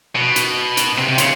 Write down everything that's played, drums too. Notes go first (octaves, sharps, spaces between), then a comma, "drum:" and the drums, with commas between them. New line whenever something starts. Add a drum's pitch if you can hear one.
B2
drum: hi-hat
drum: hi-hat
C3
C3
C#3, drum: hi-hat